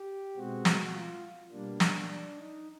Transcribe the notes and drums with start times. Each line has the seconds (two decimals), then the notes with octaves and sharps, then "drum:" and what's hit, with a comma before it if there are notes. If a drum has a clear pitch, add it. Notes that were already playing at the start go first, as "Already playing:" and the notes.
Already playing: G4
0.36 B2 G#3 C4 F#4
0.65 drum: snare
0.93 F4
1.51 B2 G3 A#3 D4
1.80 drum: snare
2.09 D4
2.37 D#4